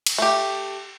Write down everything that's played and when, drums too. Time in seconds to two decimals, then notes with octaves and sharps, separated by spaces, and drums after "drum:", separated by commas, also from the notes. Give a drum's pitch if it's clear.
0.07 drum: cymbal
0.18 A3 G4